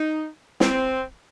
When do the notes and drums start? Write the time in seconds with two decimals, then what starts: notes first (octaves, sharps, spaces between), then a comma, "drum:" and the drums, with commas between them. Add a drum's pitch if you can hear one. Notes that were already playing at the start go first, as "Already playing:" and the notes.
Already playing: D#4
0.60 C4, drum: snare